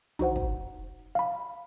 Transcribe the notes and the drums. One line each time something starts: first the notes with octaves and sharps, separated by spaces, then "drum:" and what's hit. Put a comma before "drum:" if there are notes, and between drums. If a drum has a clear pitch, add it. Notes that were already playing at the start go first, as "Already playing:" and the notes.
D#4 F#4 C5 F#5, drum: tom
drum: kick
F5 B5